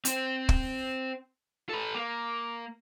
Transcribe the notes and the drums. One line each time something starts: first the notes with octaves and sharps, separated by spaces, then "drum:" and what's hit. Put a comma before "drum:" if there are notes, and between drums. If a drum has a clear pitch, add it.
C4 C5, drum: hi-hat
drum: kick
A4 B4
A#3